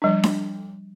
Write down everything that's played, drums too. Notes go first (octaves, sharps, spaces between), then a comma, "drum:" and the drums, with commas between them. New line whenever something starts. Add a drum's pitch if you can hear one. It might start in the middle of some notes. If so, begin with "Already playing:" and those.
F3 G3 D4
drum: snare D4